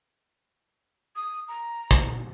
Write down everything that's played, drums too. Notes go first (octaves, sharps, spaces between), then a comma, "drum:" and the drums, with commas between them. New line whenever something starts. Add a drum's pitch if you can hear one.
D#6
A#5
drum: kick